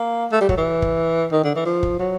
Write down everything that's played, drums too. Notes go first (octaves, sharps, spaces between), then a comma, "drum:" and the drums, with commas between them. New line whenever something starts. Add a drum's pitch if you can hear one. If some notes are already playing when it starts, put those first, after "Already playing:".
Already playing: A#3
A3
G3
F#3, drum: kick
E3
drum: kick
D#3
D3
E3
F3
drum: kick
F#3